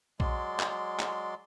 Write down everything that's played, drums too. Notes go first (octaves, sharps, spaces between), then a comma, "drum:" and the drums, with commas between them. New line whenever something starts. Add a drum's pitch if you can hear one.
F#3 G#3 D5 C6, drum: kick A#1
drum: clap
drum: clap